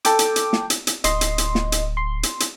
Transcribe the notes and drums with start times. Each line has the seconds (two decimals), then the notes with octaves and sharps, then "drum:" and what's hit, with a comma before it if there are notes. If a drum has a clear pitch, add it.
0.05 A4 G5 D6, drum: hi-hat
0.19 drum: hi-hat
0.36 drum: hi-hat
0.53 drum: snare
0.70 drum: hi-hat
0.87 drum: hi-hat
1.04 D1 D#5 C6, drum: hi-hat
1.21 drum: hi-hat
1.38 drum: hi-hat
1.55 drum: snare
1.72 drum: hi-hat
1.97 C6
2.23 drum: hi-hat
2.40 drum: hi-hat